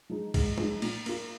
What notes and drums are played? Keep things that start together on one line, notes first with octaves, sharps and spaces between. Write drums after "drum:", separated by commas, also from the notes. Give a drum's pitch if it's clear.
F3 G#3 D#4
G#2, drum: kick B1, cymbal
F3 G#3 D#4, drum: tom
A#2, drum: cymbal
A#3 F4, drum: cymbal